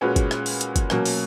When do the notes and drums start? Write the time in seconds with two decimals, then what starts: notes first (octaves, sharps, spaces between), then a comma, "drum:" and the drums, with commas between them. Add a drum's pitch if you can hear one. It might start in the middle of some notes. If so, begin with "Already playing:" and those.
0.01 A#2 G#3 C#4 F#4 B4
0.16 drum: kick, hi-hat
0.31 drum: rim click
0.46 drum: open hi-hat
0.61 drum: hi-hat
0.76 drum: kick, hi-hat
0.90 B2 F#3 A#3 C#4, drum: rim click
1.05 drum: open hi-hat